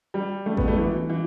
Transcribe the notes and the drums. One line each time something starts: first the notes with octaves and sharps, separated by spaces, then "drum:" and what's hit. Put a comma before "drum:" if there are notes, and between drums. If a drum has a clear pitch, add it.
G3
A3
B3, drum: kick A1
A3
E3
E3
E3